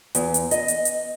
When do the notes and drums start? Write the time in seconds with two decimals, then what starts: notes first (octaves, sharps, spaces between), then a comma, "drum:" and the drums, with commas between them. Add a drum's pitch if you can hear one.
0.15 E2, drum: hi-hat
0.34 drum: hi-hat
0.51 D#5, drum: hi-hat
0.68 drum: hi-hat
0.85 drum: hi-hat